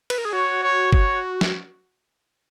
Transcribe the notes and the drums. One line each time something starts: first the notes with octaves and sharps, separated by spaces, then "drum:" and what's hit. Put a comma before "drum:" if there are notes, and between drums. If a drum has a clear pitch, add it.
B4, drum: cymbal
A#4
G#4
F#4 C#5
C#5
C#5, drum: kick
drum: snare